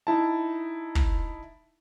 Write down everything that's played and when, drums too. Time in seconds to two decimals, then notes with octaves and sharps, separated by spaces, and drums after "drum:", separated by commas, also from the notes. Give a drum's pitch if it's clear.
0.07 D#4 E4 A5
0.95 drum: kick